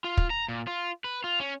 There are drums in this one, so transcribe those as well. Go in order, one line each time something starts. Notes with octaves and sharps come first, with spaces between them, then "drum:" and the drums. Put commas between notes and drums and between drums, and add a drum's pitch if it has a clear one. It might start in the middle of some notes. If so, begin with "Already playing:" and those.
F4
drum: kick
A#5
A#2
F4
B4
F4
C#4